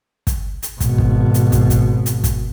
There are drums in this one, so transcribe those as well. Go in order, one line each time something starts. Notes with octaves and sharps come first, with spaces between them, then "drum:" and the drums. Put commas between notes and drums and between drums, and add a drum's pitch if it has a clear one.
drum: kick, hi-hat
drum: hi-hat
G#1 B2, drum: kick, hi-hat
drum: kick
drum: hi-hat
drum: kick, hi-hat
drum: kick, hi-hat
drum: hi-hat
drum: kick, hi-hat